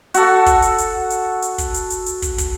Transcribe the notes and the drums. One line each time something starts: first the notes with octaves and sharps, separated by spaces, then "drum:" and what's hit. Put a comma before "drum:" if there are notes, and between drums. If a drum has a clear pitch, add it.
F#4 A4, drum: hi-hat
drum: kick, hi-hat
drum: hi-hat
drum: hi-hat
drum: hi-hat
drum: hi-hat
drum: kick, hi-hat
drum: hi-hat
drum: hi-hat
drum: hi-hat
drum: kick, hi-hat
drum: kick, hi-hat